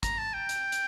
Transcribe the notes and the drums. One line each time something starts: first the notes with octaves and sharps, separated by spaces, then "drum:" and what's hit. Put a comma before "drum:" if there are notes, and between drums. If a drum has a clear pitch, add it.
A#5, drum: kick, hi-hat
A5
G5
drum: hi-hat
drum: hi-hat